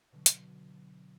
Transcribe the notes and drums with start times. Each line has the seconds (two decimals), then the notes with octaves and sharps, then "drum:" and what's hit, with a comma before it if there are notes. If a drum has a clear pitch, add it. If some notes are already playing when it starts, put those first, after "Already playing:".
0.12 B2 D3 F#3
0.26 drum: hi-hat